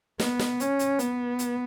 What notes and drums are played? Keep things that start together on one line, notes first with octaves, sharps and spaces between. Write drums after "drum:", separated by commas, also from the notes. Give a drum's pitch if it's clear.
B3, drum: snare
drum: snare
C#4, drum: hi-hat
drum: hi-hat
B3, drum: hi-hat
drum: hi-hat